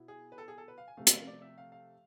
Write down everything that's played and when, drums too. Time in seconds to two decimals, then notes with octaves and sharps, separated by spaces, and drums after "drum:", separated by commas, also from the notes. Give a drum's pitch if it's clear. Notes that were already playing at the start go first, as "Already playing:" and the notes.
Already playing: B2 B3 E4
0.08 G#4
0.32 B4
0.38 A4
0.48 G#4
0.58 A4
0.68 B4
0.78 F5
0.88 G#5
0.97 C3 F3 A3 F5
1.07 E5, drum: hi-hat
1.17 F5
1.27 D5
1.42 E5
1.58 F5
1.72 F5